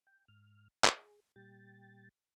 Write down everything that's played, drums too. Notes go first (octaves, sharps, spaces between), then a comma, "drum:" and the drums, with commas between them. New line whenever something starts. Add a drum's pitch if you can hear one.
G5
G#2 F6
G#4, drum: clap
A#2 G3 G5 A6